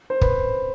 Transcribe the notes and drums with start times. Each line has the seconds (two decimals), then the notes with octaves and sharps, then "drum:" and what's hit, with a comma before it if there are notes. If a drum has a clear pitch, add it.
0.10 C5
0.21 B4, drum: kick